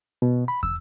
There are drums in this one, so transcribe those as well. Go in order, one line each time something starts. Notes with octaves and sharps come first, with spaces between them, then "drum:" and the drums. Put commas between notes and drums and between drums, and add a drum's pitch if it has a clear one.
B2
B5
E6, drum: kick